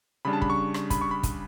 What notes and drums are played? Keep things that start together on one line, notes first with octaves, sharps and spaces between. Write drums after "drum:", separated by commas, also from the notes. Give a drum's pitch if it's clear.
C#3 G3 D4 B5
A5
B5, drum: kick
C#6
drum: rim click
B5, drum: kick, hi-hat
C#6
B5
drum: kick, hi-hat